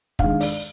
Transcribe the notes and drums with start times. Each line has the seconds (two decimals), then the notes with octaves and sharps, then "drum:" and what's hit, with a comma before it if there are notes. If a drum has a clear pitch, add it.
0.19 D#3 G#3 D4 F5, drum: kick
0.40 D5, drum: open hi-hat